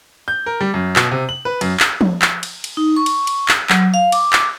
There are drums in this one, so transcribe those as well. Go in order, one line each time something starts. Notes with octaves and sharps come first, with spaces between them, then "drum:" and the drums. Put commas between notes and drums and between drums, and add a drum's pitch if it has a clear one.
G6
A#4
G3
F#2
B2, drum: clap
C3
F#7
B4
F#2, drum: cymbal
drum: clap
drum: tom F3
drum: clap
drum: cymbal
drum: cymbal
D#4
C#6
drum: cymbal
drum: cymbal
drum: clap
F#3, drum: clap
F5
D6, drum: cymbal
drum: clap